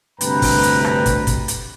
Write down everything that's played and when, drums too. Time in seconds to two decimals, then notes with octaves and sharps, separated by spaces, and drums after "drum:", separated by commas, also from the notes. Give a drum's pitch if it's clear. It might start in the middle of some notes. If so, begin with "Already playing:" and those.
0.21 D2 G2 C3 B4 G5 A#5, drum: hi-hat
0.42 drum: kick, open hi-hat
0.63 drum: hi-hat
0.84 drum: rim click
1.06 drum: kick, hi-hat
1.27 drum: kick, hi-hat
1.48 drum: hi-hat